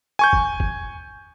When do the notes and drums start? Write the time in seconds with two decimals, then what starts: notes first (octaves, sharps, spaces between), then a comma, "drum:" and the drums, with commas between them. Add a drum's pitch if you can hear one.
0.19 G#5 C#6 G6
0.33 drum: kick
0.60 drum: kick